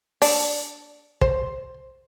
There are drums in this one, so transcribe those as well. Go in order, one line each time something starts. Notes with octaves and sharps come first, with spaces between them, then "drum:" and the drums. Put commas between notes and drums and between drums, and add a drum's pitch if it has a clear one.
D4, drum: open hi-hat
C5, drum: kick